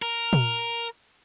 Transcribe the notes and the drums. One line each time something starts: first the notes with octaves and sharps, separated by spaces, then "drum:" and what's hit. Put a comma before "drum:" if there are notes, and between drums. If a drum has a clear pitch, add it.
A#4
drum: tom A#2